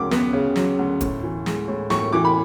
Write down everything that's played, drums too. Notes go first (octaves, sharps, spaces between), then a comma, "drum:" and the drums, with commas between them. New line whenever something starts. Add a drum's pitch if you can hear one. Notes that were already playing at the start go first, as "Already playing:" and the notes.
Already playing: D2 C#3 F#3 D6
B3, drum: snare
C#3
F#3, drum: snare
D2
A2, drum: kick, hi-hat
E3
G#3, drum: snare
A2
A2 C#6, drum: snare
E3 D6
B5